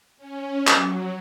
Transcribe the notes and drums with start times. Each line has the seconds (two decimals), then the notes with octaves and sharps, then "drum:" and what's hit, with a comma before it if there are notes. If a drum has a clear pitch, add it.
0.17 C#4
0.67 F#3, drum: clap